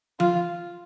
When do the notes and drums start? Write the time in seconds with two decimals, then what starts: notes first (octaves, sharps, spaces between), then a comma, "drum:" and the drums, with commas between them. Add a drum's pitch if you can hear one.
0.20 F4, drum: tom F3